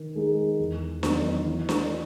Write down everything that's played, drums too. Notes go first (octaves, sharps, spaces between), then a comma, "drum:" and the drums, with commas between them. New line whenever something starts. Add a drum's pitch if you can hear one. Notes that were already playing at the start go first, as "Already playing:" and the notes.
Already playing: D#3
G#3 D#4 G#4
E2
D#3 F#3 B3 D#4, drum: snare D4
E3
drum: snare D4